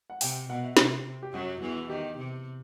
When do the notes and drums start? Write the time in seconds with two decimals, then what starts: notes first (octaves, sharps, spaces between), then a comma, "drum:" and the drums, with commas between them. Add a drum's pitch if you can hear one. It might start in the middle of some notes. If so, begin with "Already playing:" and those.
0.10 F#5
0.21 C3 G5, drum: open hi-hat
0.49 B2 F#5
0.63 E5
0.77 C3 C5, drum: snare
1.23 G4
1.33 F#2 F#3 F#4
1.61 E2 E3
1.89 D#3 G4
2.17 C3